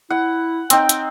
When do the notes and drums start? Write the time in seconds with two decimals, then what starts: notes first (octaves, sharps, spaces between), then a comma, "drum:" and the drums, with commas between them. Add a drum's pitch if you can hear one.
0.10 E4 F#5
0.70 C4 D#4 G5, drum: hi-hat
0.89 drum: hi-hat